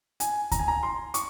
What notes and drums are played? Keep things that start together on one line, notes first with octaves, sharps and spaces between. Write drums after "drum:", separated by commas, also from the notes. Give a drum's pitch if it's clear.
G#5, drum: hi-hat
A#5, drum: kick D2, hi-hat
G#5
A#5
C6
C#6, drum: hi-hat